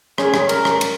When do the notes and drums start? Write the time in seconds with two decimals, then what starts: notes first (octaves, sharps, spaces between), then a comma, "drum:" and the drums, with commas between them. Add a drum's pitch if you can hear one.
0.18 C#4 G#4, drum: rim click
0.34 drum: rim click
0.49 A#4, drum: cymbal
0.65 drum: rim click
0.81 drum: cymbal